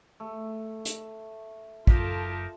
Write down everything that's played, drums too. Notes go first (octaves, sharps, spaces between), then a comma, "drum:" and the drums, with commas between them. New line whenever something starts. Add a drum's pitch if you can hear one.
A3
drum: hi-hat
F#1 F#2 D#4 F4 G4 A4 A#4 A5, drum: kick